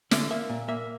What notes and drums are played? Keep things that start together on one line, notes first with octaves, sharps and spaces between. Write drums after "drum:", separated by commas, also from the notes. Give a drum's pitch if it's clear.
D3 E5, drum: snare
A#3 E5
A#2
A#3 E5